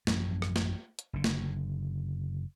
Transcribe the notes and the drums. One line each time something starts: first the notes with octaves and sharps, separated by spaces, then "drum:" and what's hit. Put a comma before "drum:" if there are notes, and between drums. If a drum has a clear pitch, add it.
A1 F#2 F3, drum: snare
drum: rim click
drum: snare
drum: hi-hat
F#1 D3
drum: snare